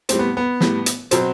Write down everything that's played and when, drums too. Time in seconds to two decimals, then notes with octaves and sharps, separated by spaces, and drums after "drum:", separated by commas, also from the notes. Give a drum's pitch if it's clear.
0.09 A2 G3 C4, drum: hi-hat
0.19 B3
0.37 B3
0.61 A2 G3, drum: snare
0.86 drum: hi-hat
1.11 B2 F#3 C4, drum: hi-hat